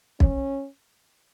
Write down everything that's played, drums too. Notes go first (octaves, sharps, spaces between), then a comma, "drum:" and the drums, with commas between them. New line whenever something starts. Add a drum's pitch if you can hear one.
C#4, drum: kick